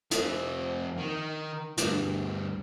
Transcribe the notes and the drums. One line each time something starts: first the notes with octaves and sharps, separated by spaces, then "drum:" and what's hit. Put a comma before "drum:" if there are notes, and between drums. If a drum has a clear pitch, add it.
F2 E5, drum: hi-hat
D#3
D2 G2, drum: hi-hat